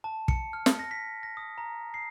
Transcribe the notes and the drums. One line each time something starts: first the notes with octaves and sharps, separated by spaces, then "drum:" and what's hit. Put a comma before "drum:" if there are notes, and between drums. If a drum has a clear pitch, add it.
A5
C#7, drum: kick
F6
drum: snare
A#6
B6
A#6
D#6
A#5
C7